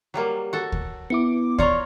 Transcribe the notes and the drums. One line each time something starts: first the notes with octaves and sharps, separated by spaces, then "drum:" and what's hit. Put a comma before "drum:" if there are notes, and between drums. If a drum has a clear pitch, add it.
F#3 G3 A#3
F#4 A4
drum: kick D2
B3 E4 D6 C#7
F4 C#5 D5 A#5 C#6, drum: kick D2